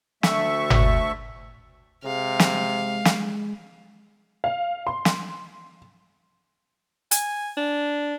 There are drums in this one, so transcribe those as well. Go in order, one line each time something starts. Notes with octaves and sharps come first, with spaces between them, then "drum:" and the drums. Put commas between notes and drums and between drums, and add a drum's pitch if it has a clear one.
D2 A3 E5 C#6, drum: snare
drum: tom G1
C3 G#3 F5
drum: snare
drum: snare
F5
C6
drum: snare
G#5, drum: hi-hat
D4